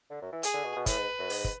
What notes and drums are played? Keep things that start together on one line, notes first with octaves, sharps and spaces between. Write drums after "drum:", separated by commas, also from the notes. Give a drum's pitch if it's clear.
D3
F#2
E3
G#4, drum: hi-hat
D3
B2
B2
A2 B4, drum: kick, hi-hat
G#2
F#2
G#2, drum: open hi-hat
drum: kick